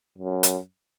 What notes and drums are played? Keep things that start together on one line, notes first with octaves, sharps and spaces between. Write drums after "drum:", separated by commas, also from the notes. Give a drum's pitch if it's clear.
F#2
drum: hi-hat